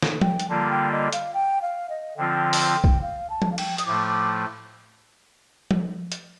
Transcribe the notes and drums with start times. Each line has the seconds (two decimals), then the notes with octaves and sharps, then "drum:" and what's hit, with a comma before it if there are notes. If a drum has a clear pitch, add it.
0.02 drum: snare
0.21 G5, drum: tom
0.40 drum: hi-hat
0.49 D3 G3 A#3 F4 A5
0.71 G5
0.92 D#5
1.13 F5, drum: hi-hat
1.34 G5
1.62 F5
1.89 D#5
2.17 D3 F3 C4 F4 G5
2.53 drum: open hi-hat
2.84 drum: kick
3.02 F5
3.30 A5
3.42 drum: tom
3.52 F5
3.58 G5, drum: cymbal
3.78 D#6, drum: hi-hat
3.86 A2 F3 A3 D6
4.07 D6
5.71 drum: tom
6.12 drum: hi-hat